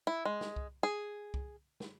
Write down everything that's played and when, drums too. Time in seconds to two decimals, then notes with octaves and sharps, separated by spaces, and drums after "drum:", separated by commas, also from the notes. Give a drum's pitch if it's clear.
0.07 E4
0.25 G#3
0.41 drum: snare
0.56 drum: kick C2
0.83 G#4
1.34 drum: kick C2
1.80 drum: snare